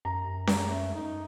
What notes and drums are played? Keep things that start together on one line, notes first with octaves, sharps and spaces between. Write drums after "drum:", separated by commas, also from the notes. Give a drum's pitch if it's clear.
F#2 A#5
drum: snare C#4
A3
D#4